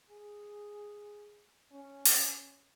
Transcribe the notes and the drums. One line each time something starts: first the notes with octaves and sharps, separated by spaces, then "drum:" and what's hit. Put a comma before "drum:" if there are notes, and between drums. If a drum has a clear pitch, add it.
G#4
C#4
drum: open hi-hat